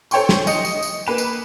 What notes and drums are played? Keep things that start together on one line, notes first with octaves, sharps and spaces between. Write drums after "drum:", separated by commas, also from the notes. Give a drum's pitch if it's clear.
A4 C5 C#5 G5 C6 C#6, drum: tambourine
drum: snare
D#5 D#6 C#7, drum: tambourine
drum: tambourine
drum: tambourine
A#3 B4 E7
drum: tambourine